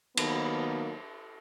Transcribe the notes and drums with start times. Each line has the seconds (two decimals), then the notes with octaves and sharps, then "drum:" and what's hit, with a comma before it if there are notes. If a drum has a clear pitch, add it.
0.17 D#3 F#3 A#3 B3 D#4, drum: cymbal